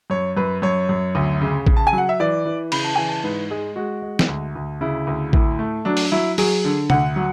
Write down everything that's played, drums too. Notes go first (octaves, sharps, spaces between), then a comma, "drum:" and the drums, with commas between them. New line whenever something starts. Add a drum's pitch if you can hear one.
F#2 C#5
F#2 B4
F#2 C#5
F#2
D2
C#3
C#3, drum: kick A1
A5
G#5
F#3
F#5
E5
E3 D5
E3
C#3 B5, drum: cymbal
A5
E3 G#5
A5
G#2 B4
G#3 G#4
G#3 F#4
G#3
drum: snare
D2
D2
C#3 E4
D2
A2, drum: kick A1
A3
F#3 D4
drum: open hi-hat
F#3 E4
F#3 G#4, drum: open hi-hat
D3
D2 F#5, drum: tom
F#3